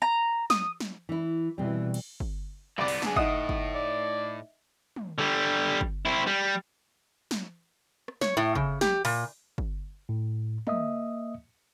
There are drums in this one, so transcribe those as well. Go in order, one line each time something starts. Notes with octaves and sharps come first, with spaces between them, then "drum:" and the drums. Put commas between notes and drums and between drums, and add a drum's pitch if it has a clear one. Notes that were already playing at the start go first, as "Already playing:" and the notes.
A#5
D#6, drum: snare
drum: snare
E3 E4
B2 E3 G3 C4
drum: cymbal
drum: kick
C2 D3 B3 D5
drum: open hi-hat
D4 G#4, drum: snare
A2 D#4 D#5 E5 F#5 D#6, drum: kick
drum: kick
D5
drum: tom
D3 G3
drum: kick
C4 E4
G3
drum: snare
drum: rim click
C#5, drum: snare
A2
C#3, drum: kick
G4, drum: snare
A#2, drum: open hi-hat
drum: kick
A2
A#3 D#5 E5 D#6, drum: tom